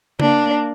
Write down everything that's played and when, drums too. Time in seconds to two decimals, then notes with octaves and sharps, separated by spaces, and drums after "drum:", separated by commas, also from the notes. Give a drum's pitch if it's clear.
0.20 A#3 D4, drum: tom C#3